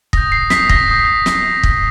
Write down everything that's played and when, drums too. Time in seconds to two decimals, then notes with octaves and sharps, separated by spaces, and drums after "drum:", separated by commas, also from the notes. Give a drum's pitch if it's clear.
0.13 D#6 G6 A#6, drum: kick
0.32 C7
0.50 D#6 G6 B6, drum: snare
0.69 A#6, drum: kick
0.88 D#6 G6
1.26 drum: snare
1.63 drum: kick